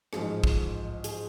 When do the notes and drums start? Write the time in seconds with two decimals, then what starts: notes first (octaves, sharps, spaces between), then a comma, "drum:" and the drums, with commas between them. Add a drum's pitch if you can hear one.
0.13 A1 G#2 F3 G#4, drum: rim click
0.44 drum: kick
1.04 G#4, drum: hi-hat